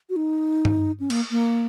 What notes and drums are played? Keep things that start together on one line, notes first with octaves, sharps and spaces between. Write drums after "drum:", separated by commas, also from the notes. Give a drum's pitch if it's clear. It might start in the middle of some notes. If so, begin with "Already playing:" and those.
F#4
D#4
drum: tom G2
C#4
A#3, drum: cymbal
A#3